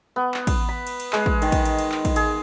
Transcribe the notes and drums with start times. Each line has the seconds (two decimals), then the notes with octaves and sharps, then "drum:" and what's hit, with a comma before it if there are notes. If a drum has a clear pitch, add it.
0.16 B3
0.34 drum: clap
0.47 drum: kick, cymbal
0.69 B5
0.87 drum: cymbal
1.00 drum: cymbal
1.13 G#3, drum: clap
1.26 drum: kick
1.42 D#3, drum: cymbal
1.52 drum: kick, cymbal
1.65 drum: cymbal
1.79 drum: cymbal
1.92 drum: clap
2.05 drum: kick, cymbal
2.16 G#4, drum: cymbal